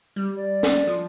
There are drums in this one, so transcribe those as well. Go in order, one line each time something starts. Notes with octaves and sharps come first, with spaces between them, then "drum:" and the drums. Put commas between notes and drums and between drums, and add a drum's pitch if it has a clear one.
G3
D5
drum: snare
F3